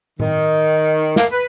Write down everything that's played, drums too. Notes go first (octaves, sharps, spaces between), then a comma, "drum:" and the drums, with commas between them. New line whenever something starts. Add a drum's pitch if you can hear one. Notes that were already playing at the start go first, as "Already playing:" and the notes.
D#3, drum: tom A2
A#3, drum: snare
B4